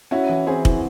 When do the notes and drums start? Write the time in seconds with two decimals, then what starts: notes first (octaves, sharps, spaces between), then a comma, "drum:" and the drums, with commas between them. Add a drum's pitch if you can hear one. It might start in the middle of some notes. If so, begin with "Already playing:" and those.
0.11 C#4 E4 F#4
0.29 E3
0.46 C4 E4 G#4
0.65 E3, drum: kick